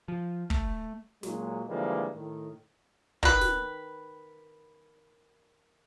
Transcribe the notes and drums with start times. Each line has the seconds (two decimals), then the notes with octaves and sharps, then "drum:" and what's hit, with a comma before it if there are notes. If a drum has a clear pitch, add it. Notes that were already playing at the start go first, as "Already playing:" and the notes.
0.08 F3
0.50 A3, drum: kick
1.23 A#2 F#3 G#3, drum: snare
1.68 D3 E3 F3 G3 G#3 A#3
2.15 A2 D#3
3.23 D#3 B4, drum: kick
3.41 drum: snare